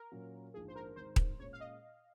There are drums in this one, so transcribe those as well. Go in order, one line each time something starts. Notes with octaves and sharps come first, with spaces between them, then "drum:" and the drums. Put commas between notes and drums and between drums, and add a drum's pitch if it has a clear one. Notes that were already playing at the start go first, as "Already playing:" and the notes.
Already playing: A#4
A#2 F#3 C#4 F4
A#1 G#2 F3 G#4
C5
A#4
G#1 G#2 D#3 C5
drum: kick D#1
A#2 G#3 C#4 C#5
F5
D#5